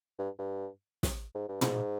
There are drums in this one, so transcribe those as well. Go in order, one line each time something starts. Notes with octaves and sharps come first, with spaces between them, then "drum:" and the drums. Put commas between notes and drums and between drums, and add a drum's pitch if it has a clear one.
G2
G2
drum: snare
G#2
G2
G#2, drum: tom